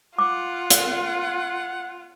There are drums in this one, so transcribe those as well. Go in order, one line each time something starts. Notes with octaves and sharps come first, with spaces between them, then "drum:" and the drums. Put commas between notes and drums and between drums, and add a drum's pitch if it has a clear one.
F4 F#5 D6
drum: hi-hat